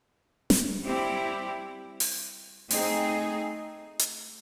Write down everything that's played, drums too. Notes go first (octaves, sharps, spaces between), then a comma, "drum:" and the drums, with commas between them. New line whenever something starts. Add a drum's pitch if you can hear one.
drum: snare
G3 C4 E4 G4
drum: open hi-hat
A3 C4 D#4 G#4, drum: open hi-hat
drum: hi-hat